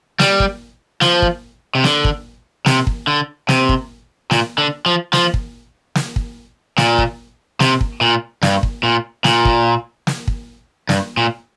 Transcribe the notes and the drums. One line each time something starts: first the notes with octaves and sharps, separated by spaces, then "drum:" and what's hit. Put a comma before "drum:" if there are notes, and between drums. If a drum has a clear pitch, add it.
G3, drum: snare
drum: kick
F3, drum: snare
drum: kick
C3
D3, drum: snare
drum: kick
C3, drum: snare
drum: kick
D3
C3, drum: snare
drum: kick
A#2, drum: snare
D3
F3
F3, drum: snare
drum: kick
drum: snare
drum: kick
A#2, drum: snare
drum: kick
C3, drum: snare
drum: kick
A#2
G2, drum: snare
drum: kick
A#2
A#2, drum: snare
drum: kick
drum: snare
drum: kick
G2, drum: snare
A#2